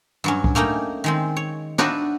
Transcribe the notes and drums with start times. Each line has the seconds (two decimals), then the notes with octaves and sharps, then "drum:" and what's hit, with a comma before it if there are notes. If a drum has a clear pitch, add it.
0.24 G2 F#3 C#4
0.44 drum: kick
0.55 A3 A#3 C#4 D#4 G5
1.04 D#3 G#3 C4
1.37 C#5
1.78 D4 D#4 F#4 B4 D5 E5, drum: snare